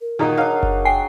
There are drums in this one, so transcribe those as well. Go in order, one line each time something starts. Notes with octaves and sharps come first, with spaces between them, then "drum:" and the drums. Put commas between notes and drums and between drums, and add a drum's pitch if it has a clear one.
A#4
A#2 D#3 D#4 F#4 G#4
F#3 D4 D#4 F5
drum: kick F#1
G5 G#5 C7